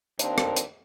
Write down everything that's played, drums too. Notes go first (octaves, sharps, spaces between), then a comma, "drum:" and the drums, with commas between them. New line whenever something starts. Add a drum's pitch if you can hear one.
D#2 A#3 C4 D4, drum: hi-hat
drum: rim click
drum: hi-hat